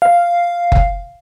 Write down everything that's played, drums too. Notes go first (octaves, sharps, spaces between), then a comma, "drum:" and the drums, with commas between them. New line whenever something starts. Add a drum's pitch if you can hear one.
F5
drum: kick F#1